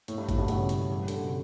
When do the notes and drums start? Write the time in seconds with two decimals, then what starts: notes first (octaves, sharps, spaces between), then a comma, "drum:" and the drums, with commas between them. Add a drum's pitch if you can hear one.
0.08 A2, drum: hi-hat
0.18 G2
0.29 A2, drum: kick G#1, hi-hat
0.38 G2 B2
0.48 A2 C#3, drum: hi-hat
0.69 drum: hi-hat
0.89 E3 G3
1.08 D3, drum: hi-hat
1.15 C#3
1.23 B2